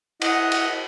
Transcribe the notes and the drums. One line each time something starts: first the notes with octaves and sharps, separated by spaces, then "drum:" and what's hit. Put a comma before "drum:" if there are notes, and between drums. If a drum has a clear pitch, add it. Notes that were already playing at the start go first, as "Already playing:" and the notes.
E4 D#5 F#5, drum: cymbal
drum: cymbal